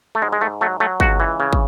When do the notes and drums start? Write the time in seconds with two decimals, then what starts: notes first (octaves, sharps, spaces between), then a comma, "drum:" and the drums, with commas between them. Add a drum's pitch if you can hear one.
0.15 A3
0.22 G#2 G#3
0.32 G#3
0.41 G#2 A3
0.61 F#3 A3
0.80 F#3 A3
1.00 C#2 F#4, drum: kick
1.20 E3
1.40 C#3
1.53 drum: kick